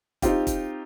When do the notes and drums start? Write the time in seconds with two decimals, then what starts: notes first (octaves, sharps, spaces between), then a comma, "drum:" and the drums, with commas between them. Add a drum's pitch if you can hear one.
0.22 C4 D#4 F4 G4, drum: kick, hi-hat
0.47 drum: kick, hi-hat